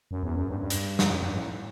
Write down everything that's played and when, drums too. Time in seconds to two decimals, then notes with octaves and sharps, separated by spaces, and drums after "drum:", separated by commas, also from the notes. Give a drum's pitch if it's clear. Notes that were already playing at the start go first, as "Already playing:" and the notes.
0.11 F#2
0.23 E2
0.36 F#2
0.49 G2
0.60 G2
0.70 drum: hi-hat
0.99 drum: snare
1.10 F#2
1.23 G2
1.35 A2